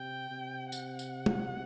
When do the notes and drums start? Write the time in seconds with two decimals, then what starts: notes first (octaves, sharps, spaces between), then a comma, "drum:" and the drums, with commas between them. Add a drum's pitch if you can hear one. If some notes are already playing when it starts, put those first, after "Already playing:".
Already playing: C3 G5
0.31 C3
0.72 F#5, drum: tambourine
0.99 drum: tambourine
1.26 drum: tom